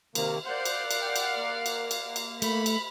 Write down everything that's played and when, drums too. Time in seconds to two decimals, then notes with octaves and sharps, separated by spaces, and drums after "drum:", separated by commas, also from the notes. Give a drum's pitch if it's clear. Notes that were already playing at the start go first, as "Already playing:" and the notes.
0.15 C3 D#3 A#3, drum: cymbal
0.45 A#4 C5 D5 F5 F#5 C6
0.65 drum: cymbal
0.91 drum: cymbal
1.02 G5
1.16 drum: cymbal
1.37 A#3
1.66 drum: cymbal
1.91 drum: cymbal
2.16 drum: cymbal
2.42 A3 B5, drum: cymbal
2.66 drum: cymbal